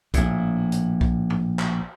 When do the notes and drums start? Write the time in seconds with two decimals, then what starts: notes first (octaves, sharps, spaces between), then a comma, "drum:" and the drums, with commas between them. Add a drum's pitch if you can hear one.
0.14 A#1 A2, drum: kick B1, hi-hat
0.72 drum: hi-hat
1.01 drum: kick B1
1.30 drum: tom
1.59 drum: clap